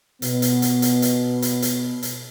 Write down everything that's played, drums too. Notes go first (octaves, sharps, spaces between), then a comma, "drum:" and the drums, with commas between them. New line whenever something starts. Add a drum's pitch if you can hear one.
B2 B3, drum: hi-hat
drum: hi-hat
drum: hi-hat
drum: hi-hat
drum: hi-hat
drum: hi-hat
drum: hi-hat
drum: hi-hat